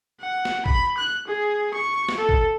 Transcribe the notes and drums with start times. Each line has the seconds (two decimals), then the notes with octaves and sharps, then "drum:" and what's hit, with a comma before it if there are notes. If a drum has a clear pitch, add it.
0.21 F#5
0.45 drum: snare
0.66 B5, drum: kick
0.97 F#6
1.28 G#4
1.74 C#6
2.09 drum: snare
2.18 A4
2.29 drum: kick